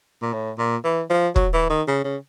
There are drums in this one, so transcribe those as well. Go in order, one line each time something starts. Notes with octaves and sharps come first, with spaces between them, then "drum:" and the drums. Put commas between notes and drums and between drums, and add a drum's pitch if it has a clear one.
A#2
A2
A#2
E3
F3
F#3, drum: kick
E3
D#3
C#3
C#3